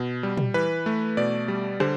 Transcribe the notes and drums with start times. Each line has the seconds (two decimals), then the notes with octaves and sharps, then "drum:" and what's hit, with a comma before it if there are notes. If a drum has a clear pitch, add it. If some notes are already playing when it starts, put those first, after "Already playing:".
Already playing: B2
0.23 G3
0.37 drum: tom A#2
0.54 E3 B4
0.86 A3
1.17 B2 D5
1.48 G3
1.80 D3 C5, drum: rim click